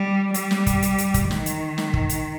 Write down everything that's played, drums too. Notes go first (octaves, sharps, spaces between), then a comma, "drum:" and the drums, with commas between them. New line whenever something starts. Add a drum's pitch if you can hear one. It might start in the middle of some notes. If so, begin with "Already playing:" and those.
Already playing: G3
G3, drum: hi-hat
drum: snare
drum: kick, hi-hat
drum: hi-hat
drum: hi-hat
drum: kick, hi-hat
D#3, drum: snare
drum: hi-hat
drum: snare
drum: kick
drum: hi-hat